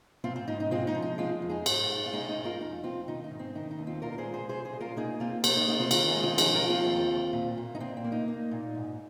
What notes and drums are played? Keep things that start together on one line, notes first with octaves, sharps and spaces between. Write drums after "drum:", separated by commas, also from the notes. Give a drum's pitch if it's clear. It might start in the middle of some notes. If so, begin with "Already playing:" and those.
G#2 C4 F4
C4
G#2 D#4
D#4
G#3 C4 F4
D#4
F3
D#4
G#3 C4 F4
F2
D#4 G#4
G#2, drum: cymbal
G#2
F4
G#3 D#4 G#4
D#4
G#2
F4 A#4
F2 D#4
F2 C4 F4
D#3 D#4
D#4
G#2
C4
D#3 D#4
D#4
D#2
C4 F4
A#2 F4 A#4
A#4
G#4 C5
G#3
G#4 C5
G#3 G#4 C5
G#4 C5
A#2
F4 A#4
A#3 D#4 G#4
A#3 C4 F4
A#3 C4, drum: cymbal
D#4
A#3 D#4
C4 F4
D#3 F4 A#4, drum: cymbal
D#4 G#4
G#3
C4 F4
F3 D#4 G#4, drum: cymbal
F4 A#4
F3
C4 F4
D#2
D#2
A#2
A#2
D#4
A#2 C4
C4
A#3
D#4
A#3
A#2
G#2